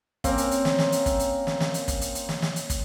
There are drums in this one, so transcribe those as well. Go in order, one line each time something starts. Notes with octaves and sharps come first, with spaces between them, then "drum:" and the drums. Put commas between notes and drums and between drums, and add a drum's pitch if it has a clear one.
A#3 C4 C#4 A#4, drum: kick, hi-hat
drum: hi-hat
drum: hi-hat
drum: snare
drum: snare
drum: hi-hat
drum: kick, hi-hat
drum: hi-hat
drum: snare
drum: snare
drum: hi-hat
drum: kick, hi-hat
drum: hi-hat
drum: hi-hat
drum: snare
drum: snare
drum: hi-hat
drum: kick, hi-hat